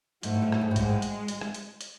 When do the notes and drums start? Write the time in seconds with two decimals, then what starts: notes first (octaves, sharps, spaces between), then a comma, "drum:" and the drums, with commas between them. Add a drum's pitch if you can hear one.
0.23 G#2 A3, drum: hi-hat
0.34 A2
0.42 G#2
0.52 A2, drum: rim click
0.61 G#2
0.71 A2
0.76 G#2 G#3, drum: kick A#1, hi-hat
0.89 A2
1.02 drum: hi-hat
1.28 drum: hi-hat
1.41 drum: rim click
1.54 drum: hi-hat
1.81 drum: hi-hat